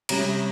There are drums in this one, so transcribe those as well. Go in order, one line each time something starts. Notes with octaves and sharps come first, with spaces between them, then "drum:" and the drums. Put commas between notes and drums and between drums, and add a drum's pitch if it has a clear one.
C3 G3 C#4 A#5, drum: cymbal